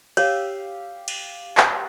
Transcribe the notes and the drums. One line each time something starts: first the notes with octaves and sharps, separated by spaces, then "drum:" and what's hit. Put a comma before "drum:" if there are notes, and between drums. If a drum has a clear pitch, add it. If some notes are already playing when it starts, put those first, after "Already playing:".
G4 C#5 F5 E6, drum: cymbal
drum: cymbal
drum: clap